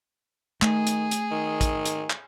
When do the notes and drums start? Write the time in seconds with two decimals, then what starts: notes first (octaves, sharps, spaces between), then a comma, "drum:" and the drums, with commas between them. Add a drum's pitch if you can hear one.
0.62 D#3 A3 G#4, drum: clap
0.87 drum: hi-hat
1.11 drum: hi-hat
1.31 D#3
1.61 drum: kick, hi-hat
1.85 drum: hi-hat
2.10 drum: clap